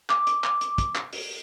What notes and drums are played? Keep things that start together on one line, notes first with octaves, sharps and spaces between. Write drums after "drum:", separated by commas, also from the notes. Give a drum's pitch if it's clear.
D6, drum: clap
drum: hi-hat
drum: clap
drum: hi-hat
drum: kick, hi-hat
drum: clap
drum: open hi-hat